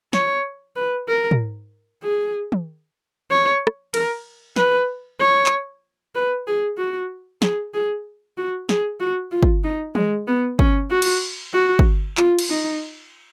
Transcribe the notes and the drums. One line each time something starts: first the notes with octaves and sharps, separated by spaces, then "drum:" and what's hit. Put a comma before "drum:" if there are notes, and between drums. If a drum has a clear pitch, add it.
C#5, drum: snare
B4
A#4
drum: tom
G#4
drum: tom
C#5
drum: rim click
A#4, drum: cymbal
B4, drum: snare
C#5
drum: clap
B4
G#4
F#4
G#4, drum: snare
G#4
F#4
G#4, drum: snare
F#4
F4
drum: kick
D#4
G#3, drum: tom
B3
C#4, drum: kick
F#4
drum: cymbal
F#4
drum: kick
F4, drum: clap
drum: cymbal
D#4